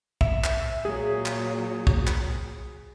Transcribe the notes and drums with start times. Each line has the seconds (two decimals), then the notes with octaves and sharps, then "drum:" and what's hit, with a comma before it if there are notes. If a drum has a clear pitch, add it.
0.21 E5, drum: kick
0.44 drum: clap
0.85 A#2 F#3 G#4
1.26 drum: clap
1.87 drum: kick
2.07 drum: clap